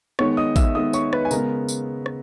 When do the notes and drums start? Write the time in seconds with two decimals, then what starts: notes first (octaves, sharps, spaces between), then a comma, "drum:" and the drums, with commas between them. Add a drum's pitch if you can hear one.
0.19 D#3 G#3 B3 C#5 C#6, drum: rim click
0.37 D#5 D#6
0.56 E5 E6, drum: kick A1, tambourine
0.74 D#3 G#3 B3 D#5 D#6
0.93 C#5 C#6, drum: tambourine
1.13 B4 B5, drum: rim click
1.25 G#5
1.31 C#3 G#3 B3 A#4 A#5, drum: tambourine
1.69 drum: tambourine
2.06 drum: rim click